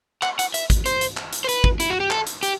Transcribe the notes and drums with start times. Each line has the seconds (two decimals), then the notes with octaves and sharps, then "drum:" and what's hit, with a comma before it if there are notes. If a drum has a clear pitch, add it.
0.23 F#5, drum: clap
0.39 F#5, drum: hi-hat
0.54 E5, drum: hi-hat
0.70 drum: kick, hi-hat
0.86 C5, drum: hi-hat
1.01 drum: hi-hat
1.17 drum: clap
1.33 drum: hi-hat
1.44 C5
1.49 B4, drum: hi-hat
1.64 drum: kick
1.80 E4, drum: hi-hat
1.90 F#4
2.00 G4
2.11 A4, drum: clap
2.27 drum: hi-hat
2.43 G4, drum: hi-hat